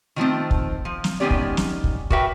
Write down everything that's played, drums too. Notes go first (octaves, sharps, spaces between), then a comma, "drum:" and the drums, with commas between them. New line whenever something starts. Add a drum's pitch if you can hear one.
D#3 F3 A3 C4
drum: kick
F3
drum: snare
D#3 G#3 B3 C#4 G4 D5
drum: kick
drum: snare
drum: kick
F#4 G4 A#4 B4 E5 G5, drum: kick